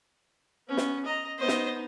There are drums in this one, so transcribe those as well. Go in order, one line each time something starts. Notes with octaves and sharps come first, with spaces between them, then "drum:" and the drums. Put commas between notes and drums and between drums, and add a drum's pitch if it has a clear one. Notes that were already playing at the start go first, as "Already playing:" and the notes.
B3 C#4
drum: snare
D#5 A#5
B3 D#4 C5 D#5
drum: snare